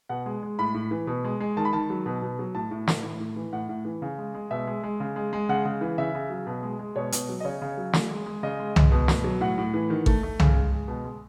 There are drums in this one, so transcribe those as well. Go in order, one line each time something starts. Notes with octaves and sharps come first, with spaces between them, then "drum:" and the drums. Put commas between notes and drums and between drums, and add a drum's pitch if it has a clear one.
B2 F#5
G#3
G#3
A2 B5
A2
E3
B2
G#3
G#3
D#3 A5
B5
D#3 A5
F#3
B2
B2
F#3
A2 A5
A2
E3, drum: snare
A2
A2
E3
A2 F#5
A2
E3
C#3
G#3
G#3
B2 E5
G#3
G#3
C#3
G#3
G#3
C#3 F#5
C#3
E3
C#3 E5
C#3
F#3
B2
G#3
G#3
B2 C#5
B2, drum: hi-hat
F#3
D#5
C#3 C#5
C#3
F#3
C#3, drum: snare
G#3
G#3
C#3 D#5
G#3
G#3, drum: tom C2
B2
B2, drum: snare
F#3
A2 F#5
A2
E3
D#3
A3, drum: kick G#1
A3
C#3, drum: tom C2
G#3
G#3
B2
G#3